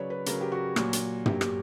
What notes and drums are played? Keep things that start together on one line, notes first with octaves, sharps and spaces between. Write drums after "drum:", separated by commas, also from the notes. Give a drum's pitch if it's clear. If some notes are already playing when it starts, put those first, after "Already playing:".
Already playing: C#3 F#3 B4 C#5 D5
B4
C#3 F#3 A#4, drum: hi-hat
G4
F#4
A#2 F#3, drum: rim click
drum: hi-hat
A#2 F#3 G4, drum: tom
G4, drum: rim click